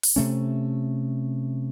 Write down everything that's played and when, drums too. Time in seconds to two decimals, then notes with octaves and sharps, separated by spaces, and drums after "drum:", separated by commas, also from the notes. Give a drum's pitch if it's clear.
0.03 drum: open hi-hat
0.16 C3 A3 C#4